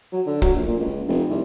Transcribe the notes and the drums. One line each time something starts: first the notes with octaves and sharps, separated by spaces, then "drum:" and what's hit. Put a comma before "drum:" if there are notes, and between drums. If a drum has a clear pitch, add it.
F#3
D3
F#3, drum: kick
A#1
A#2
C#2
F1
C2